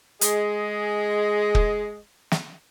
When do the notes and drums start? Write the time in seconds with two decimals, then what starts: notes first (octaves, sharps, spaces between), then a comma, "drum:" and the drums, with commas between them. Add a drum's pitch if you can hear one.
0.21 G#3 G#4 D#5, drum: hi-hat
1.55 drum: kick
2.31 drum: snare